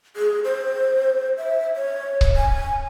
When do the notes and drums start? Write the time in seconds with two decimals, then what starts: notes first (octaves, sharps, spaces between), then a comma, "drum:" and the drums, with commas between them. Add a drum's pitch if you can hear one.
0.16 G#4
0.44 C5
1.37 E5
1.76 C#5
2.21 drum: kick C#1
2.36 G#5